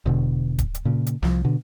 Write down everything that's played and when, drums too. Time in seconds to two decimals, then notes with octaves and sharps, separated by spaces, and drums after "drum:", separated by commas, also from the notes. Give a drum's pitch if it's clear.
0.06 E1 B2 D3
0.58 drum: kick D1, hi-hat
0.74 drum: hi-hat
0.85 A#2 C#3
1.07 drum: hi-hat
1.23 C2 F3, drum: snare
1.44 B2 D3